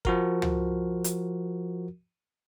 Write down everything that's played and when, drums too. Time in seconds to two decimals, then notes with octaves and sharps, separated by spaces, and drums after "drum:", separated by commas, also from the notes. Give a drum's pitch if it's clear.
0.05 F3 F#4 A#4, drum: kick G1
0.42 drum: tom
1.04 drum: hi-hat